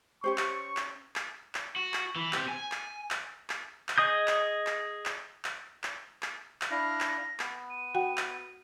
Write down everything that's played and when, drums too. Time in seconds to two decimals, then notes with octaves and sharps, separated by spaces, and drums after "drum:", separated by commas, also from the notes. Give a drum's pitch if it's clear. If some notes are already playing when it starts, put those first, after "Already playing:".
0.24 C#4 G4 C5 C#6
0.38 drum: clap
0.77 drum: clap
1.16 drum: clap
1.55 drum: clap
1.76 F#4
1.94 drum: clap
2.16 E3
2.33 C4 G4, drum: clap
2.48 G#5
2.72 drum: clap
3.11 drum: clap
3.50 drum: clap
3.89 drum: clap
3.98 G#4 D#5 D#6 G6
4.28 drum: clap
4.67 drum: clap
5.05 drum: clap
5.44 drum: clap
5.83 drum: clap
6.22 drum: clap
6.61 drum: clap
6.71 D4 E4 F5 A#6
7.00 drum: clap
7.39 B3, drum: clap
7.70 D#7
7.95 F#4 F#5 G5
8.17 drum: clap